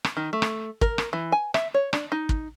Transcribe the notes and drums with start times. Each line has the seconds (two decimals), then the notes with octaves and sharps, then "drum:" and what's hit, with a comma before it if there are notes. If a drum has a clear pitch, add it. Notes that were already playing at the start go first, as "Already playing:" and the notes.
0.04 drum: rim click
0.17 D#3
0.33 A3
0.42 drum: rim click
0.81 A#4, drum: kick
0.98 drum: rim click
1.13 E3
1.32 G#5
1.54 E5, drum: rim click
1.74 C#5
1.93 D4, drum: rim click
2.12 D#4
2.29 drum: kick